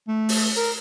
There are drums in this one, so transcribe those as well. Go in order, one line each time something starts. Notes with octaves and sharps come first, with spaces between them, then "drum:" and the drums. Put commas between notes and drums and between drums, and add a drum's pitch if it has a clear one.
A3
drum: open hi-hat
A#4